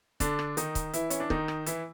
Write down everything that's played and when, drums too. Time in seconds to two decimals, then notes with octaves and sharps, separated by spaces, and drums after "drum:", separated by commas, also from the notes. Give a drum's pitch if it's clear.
0.20 D3 D4, drum: kick C#1, hi-hat
0.39 drum: rim click
0.57 D#3 D#4, drum: hi-hat
0.75 drum: kick C#1, hi-hat
0.93 E3 E4, drum: hi-hat
1.10 C#4, drum: hi-hat
1.20 D4
1.30 D#3 D#4, drum: kick C#1
1.48 drum: rim click
1.66 E3 E4, drum: hi-hat